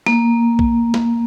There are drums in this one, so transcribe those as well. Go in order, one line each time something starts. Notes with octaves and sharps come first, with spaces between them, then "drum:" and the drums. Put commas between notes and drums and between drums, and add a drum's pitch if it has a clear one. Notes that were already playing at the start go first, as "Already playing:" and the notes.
A#3, drum: snare
drum: kick A#1
drum: snare